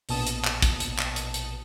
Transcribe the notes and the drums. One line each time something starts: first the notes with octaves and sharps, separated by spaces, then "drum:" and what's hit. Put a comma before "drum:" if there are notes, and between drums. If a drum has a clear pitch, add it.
A#1 B2 A5 D#6 E7, drum: open hi-hat
drum: hi-hat
drum: clap
drum: kick, hi-hat
drum: hi-hat
drum: clap
drum: hi-hat
drum: hi-hat